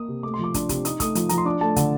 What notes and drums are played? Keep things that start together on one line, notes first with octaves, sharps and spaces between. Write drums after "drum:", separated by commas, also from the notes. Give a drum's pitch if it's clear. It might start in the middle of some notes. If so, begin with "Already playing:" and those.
Already playing: A#3 D#6
C3
A3 D6
C6
F3 D6
D4, drum: kick, hi-hat
C3, drum: kick, hi-hat
D#4 D#6, drum: hi-hat
A3 D#6, drum: kick, hi-hat
F3, drum: hi-hat
F3 A#5, drum: hi-hat
C6
D4 D6
A3 A5
D3, drum: kick, hi-hat